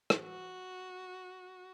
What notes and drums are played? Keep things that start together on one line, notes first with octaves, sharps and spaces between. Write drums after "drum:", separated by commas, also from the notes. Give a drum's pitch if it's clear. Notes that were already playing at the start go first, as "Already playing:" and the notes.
drum: rim click
F#4